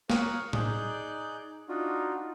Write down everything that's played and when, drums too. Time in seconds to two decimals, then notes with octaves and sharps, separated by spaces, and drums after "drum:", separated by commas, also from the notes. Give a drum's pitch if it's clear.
0.10 A#4 C#5 F5 C#6 D#6 F#6, drum: snare
0.53 D#4 G#4 D5 F#6 G6, drum: tom A2
1.69 D4 D#4 F4 F#4